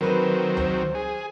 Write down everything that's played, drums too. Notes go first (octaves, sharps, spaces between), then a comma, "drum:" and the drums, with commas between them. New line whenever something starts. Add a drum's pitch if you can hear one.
D#3 F#3 C4 A#4 B4
C5, drum: tom C#2
G#4